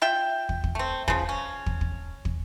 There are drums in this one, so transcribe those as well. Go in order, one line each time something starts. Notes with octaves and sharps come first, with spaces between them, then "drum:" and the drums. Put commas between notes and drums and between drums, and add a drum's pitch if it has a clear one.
F4 E5 G5
drum: kick
drum: kick
A3 C4
C#3 F3, drum: kick
C#4
drum: kick
drum: kick
drum: kick